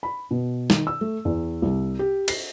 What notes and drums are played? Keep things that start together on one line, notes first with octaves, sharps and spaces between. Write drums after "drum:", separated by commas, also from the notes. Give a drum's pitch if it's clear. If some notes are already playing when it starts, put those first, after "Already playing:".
B5
B2
D#3, drum: snare
E6
A3
E2
C2
G4
C7, drum: cymbal